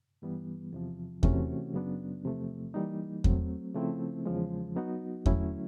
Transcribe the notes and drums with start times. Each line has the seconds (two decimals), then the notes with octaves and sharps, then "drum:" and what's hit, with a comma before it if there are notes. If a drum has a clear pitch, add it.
0.22 G2 E3 G3 B3
0.73 E2 C3 F3
1.23 C3 E3 A3 C#4 F#4, drum: kick E2
1.74 F#2 C#3 F#3 B3 D4
2.24 E2 C3 F3 A3
2.74 E3 G3 A#3 D#4
3.24 F#3 A3 C4, drum: kick E2
3.75 C#3 F3 A3 C4 E4
4.25 E2 C#3 F3 G#3
4.76 F#3 B3 D#4 F#4
5.26 D3 F#3 A3 C#4 E4, drum: kick E2